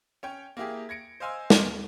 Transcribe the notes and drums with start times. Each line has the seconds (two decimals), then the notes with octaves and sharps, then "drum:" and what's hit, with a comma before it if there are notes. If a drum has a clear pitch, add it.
0.23 C#4 C#5 G5
0.57 A#3 E4 G4 G#4
0.89 G#6 A#6 C#7 D7
1.20 C5 D#5 F5 G#5 C6 E6
1.50 drum: snare